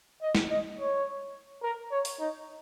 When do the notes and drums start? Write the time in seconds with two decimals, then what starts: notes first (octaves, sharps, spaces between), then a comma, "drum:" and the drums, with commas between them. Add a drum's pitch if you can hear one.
0.22 D#5
0.35 drum: snare
0.50 D#5
0.79 C#5
1.63 A#4
1.91 C#5
2.05 drum: open hi-hat
2.20 D#4